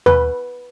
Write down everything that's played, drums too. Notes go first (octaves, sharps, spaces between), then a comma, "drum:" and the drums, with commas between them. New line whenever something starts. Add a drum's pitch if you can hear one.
B4, drum: tom D#2